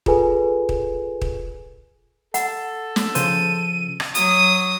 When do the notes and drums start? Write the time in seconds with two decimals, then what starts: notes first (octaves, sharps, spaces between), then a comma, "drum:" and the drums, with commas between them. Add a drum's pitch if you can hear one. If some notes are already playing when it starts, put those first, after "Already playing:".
0.06 F4 G#4 A4 B4 G#5, drum: kick
0.69 drum: kick
1.21 drum: kick
2.34 A4 F#5, drum: hi-hat
2.96 drum: snare
3.15 C#3 F3 C5 D#7, drum: hi-hat
4.00 drum: rim click
4.15 F#3 D#6, drum: hi-hat